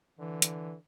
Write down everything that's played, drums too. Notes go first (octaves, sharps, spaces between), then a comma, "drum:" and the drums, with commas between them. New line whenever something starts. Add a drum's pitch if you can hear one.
D3 E3
drum: hi-hat